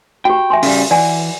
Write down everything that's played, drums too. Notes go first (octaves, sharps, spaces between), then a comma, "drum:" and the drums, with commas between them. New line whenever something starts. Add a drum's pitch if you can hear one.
F#4 G4 G5
E5 G#5 C6
C#3 G3, drum: open hi-hat
E3 D5 F#5 G#5